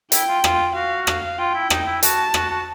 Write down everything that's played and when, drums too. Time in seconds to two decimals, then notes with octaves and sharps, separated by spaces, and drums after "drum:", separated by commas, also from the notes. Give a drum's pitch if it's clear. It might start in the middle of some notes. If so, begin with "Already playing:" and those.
0.12 E4 G5, drum: hi-hat
0.28 F4
0.44 F4, drum: rim click
0.75 F#4 F5
1.07 F5, drum: rim click
1.39 F4 G5
1.55 E4
1.70 D#4, drum: rim click
1.86 E4
2.03 F#4 A5, drum: hi-hat
2.34 F#4, drum: rim click
2.50 F#4